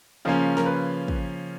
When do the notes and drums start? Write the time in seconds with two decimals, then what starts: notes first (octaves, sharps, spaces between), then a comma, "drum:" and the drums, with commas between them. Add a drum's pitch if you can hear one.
0.25 C#3 F3 A#3 C#4
0.57 A#4, drum: snare
0.66 B4
1.08 drum: kick